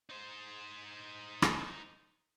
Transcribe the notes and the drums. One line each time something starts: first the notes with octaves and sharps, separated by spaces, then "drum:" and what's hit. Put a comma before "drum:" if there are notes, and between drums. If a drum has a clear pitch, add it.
D#4 C5
drum: rim click